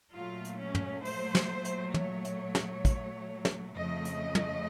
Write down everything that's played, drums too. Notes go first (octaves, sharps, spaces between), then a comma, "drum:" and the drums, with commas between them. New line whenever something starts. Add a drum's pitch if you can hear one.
A#2 F#3 A3 F4
drum: hi-hat
C#4
drum: tom
C5, drum: open hi-hat
drum: snare
drum: hi-hat
C#5, drum: tom
drum: hi-hat
drum: snare
drum: kick, hi-hat
drum: snare
F2 C#3 F3 A3 D#5
drum: hi-hat
drum: tom